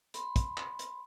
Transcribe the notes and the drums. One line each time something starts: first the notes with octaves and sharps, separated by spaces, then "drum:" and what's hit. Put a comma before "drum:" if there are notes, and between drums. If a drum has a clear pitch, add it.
B5 C6, drum: hi-hat
drum: kick, hi-hat
drum: clap
drum: hi-hat